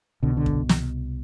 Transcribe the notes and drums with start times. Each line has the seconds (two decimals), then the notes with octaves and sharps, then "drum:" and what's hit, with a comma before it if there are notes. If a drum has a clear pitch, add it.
0.23 C2 B2 D3
0.37 D3
0.46 drum: kick F#2
0.69 drum: snare